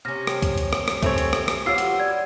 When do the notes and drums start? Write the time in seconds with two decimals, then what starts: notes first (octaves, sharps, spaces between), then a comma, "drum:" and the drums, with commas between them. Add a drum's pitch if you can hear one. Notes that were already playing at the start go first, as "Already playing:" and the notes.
0.05 C3 C#4 F6 A#6
0.27 G5, drum: rim click
0.42 drum: kick C2, hi-hat
0.58 drum: hi-hat
0.73 drum: rim click
0.88 drum: rim click
1.03 A3 C4 C#5 G#5, drum: kick C2, hi-hat
1.18 drum: hi-hat
1.33 drum: rim click
1.48 drum: rim click
1.66 F#3 B3 F4 G4 E6 F6 C7
1.78 drum: hi-hat
1.99 D5 G#6